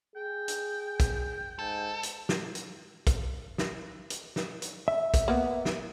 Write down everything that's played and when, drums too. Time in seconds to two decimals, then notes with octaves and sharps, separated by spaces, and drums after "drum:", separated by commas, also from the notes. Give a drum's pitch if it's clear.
0.16 G#4 G5
0.48 drum: hi-hat
1.00 drum: kick, hi-hat
1.59 G#2 A4
2.03 drum: hi-hat
2.29 drum: snare
2.55 drum: hi-hat
3.07 drum: kick, hi-hat
3.58 drum: snare
4.10 drum: hi-hat
4.36 drum: snare
4.62 drum: hi-hat
4.88 E5
5.14 drum: kick, hi-hat
5.28 A#3 B3
5.65 drum: snare